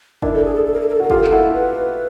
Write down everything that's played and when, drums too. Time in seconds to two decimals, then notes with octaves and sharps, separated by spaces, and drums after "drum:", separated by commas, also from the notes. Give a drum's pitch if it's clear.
0.22 D4 E4 A#4, drum: kick
0.34 A4
0.45 G#4
0.55 A4
0.66 A4
0.73 A#4
0.81 A4
0.88 A#4
0.95 A4
1.00 F#4 A#4
1.10 F4 G4 A4, drum: kick
1.17 A#4
1.24 A4, drum: clap
1.32 E4 F#4
1.54 B4